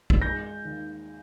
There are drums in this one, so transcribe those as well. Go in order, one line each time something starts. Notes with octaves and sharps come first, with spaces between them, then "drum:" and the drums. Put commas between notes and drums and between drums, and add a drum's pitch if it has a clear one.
drum: kick
G#3 G6 A#6
D#2